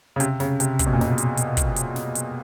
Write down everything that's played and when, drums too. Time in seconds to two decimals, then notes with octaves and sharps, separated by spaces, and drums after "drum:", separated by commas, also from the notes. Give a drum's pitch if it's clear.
0.16 C#3
0.20 C3, drum: hi-hat
0.40 C#3, drum: snare
0.60 C3, drum: hi-hat
0.79 C3, drum: kick, hi-hat
0.86 B2
0.93 A#2
1.01 B2, drum: snare
1.18 drum: hi-hat
1.37 drum: hi-hat
1.57 drum: kick, hi-hat
1.76 drum: hi-hat
1.96 drum: snare
2.15 drum: hi-hat